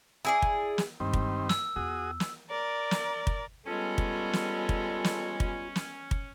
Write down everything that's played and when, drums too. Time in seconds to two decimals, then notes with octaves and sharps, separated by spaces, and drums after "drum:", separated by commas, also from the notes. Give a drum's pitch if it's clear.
0.25 E4 G#4 D5
0.42 drum: kick
0.78 drum: snare
1.00 G2 D#3 G3 G#3 C4
1.13 drum: kick
1.49 E6, drum: snare
1.76 E2 F4 F#4 G#4 D#6
2.20 drum: snare
2.50 A#4 D5
2.91 drum: snare
3.27 drum: kick
3.66 G3 G#3 B3 C#4 F4 A4
3.98 drum: kick
4.33 drum: snare
4.69 drum: kick
5.04 drum: snare
5.40 drum: kick
5.76 drum: snare
6.11 drum: kick